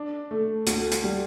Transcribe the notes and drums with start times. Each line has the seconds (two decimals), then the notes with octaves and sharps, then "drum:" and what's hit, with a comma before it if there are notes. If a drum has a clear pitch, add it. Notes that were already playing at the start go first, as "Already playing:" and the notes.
Already playing: D4
0.31 A3
0.67 D2, drum: hi-hat
0.92 drum: hi-hat
1.04 G3